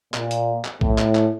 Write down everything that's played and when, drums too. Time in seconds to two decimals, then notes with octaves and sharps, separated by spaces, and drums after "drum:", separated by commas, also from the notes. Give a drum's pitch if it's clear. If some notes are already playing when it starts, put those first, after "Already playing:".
0.14 A#2, drum: clap
0.31 drum: hi-hat
0.65 drum: clap
0.81 A2, drum: kick A#1
0.98 drum: clap
1.15 drum: clap